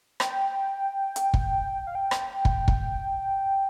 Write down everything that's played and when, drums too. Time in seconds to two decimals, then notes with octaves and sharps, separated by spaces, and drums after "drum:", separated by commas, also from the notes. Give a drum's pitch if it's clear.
0.20 G5, drum: rim click
1.16 drum: hi-hat
1.34 drum: kick
1.87 F5
1.95 G5
2.11 drum: rim click
2.45 drum: kick
2.68 drum: kick